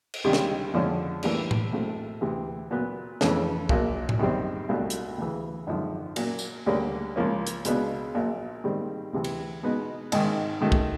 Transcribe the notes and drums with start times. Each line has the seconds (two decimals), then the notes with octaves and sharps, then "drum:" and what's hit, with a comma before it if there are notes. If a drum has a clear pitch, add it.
0.14 drum: cymbal
0.24 C#2 C3 D#3 G3
0.33 drum: snare
0.73 F2 D3 F3 G#3 C#4
1.23 A2 E3 G3 A#3 D4, drum: cymbal
1.51 drum: tom A2
1.72 A#1 A2 F#3 A3 C4
2.21 D2 C3 E3
2.71 A#2 F#3 B3
3.21 F2 C#3 E3 A3 C#4, drum: snare
3.69 A#1 A#2 F#3 A#3, drum: kick
4.09 drum: tom A2
4.19 F#2 D#3 G3 C4
4.69 C2 B2 F#3 A3 D4
4.90 drum: hi-hat
5.18 D2 C#3 E3
5.67 G#1 F#2 D3 F3
6.16 A#2 F#3 A#3, drum: cymbal
6.39 drum: tambourine
6.66 D2 D3 G3 A#3 C#4
7.16 C#2 C#3 F3 A#3 C#4
7.47 drum: hi-hat
7.65 C#2 B2 G#3 B3 D4, drum: hi-hat
8.15 A#1 A#2 F#3
8.64 G#2 D#3 G3 C4
9.13 D2 C3 E3
9.24 drum: cymbal
9.63 B2 G#3 B3 D#4
10.12 G#1 G#2 D#3, drum: cymbal
10.61 G#2 D#3 F#3 A3
10.72 drum: kick